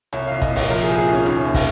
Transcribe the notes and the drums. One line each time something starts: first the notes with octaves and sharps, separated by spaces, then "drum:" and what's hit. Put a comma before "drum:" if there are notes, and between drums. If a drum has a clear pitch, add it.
C2 C#5, drum: hi-hat
C2 F5
D#5, drum: kick, hi-hat
A#2
C#5, drum: open hi-hat
F3 A#4
C2 G#4
G#4
C2 C#4
D#2 C#4, drum: hi-hat
D#2
drum: kick, open hi-hat